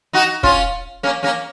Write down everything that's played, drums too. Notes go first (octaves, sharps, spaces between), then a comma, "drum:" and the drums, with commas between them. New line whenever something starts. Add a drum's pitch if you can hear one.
D#4 F#4
C#4 F4, drum: kick
A#3 C#4
A#3 C#4